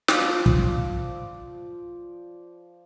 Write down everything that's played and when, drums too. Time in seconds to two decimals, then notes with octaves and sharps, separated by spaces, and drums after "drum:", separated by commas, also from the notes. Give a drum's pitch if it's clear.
0.08 F3 D5 D6, drum: snare
0.46 drum: kick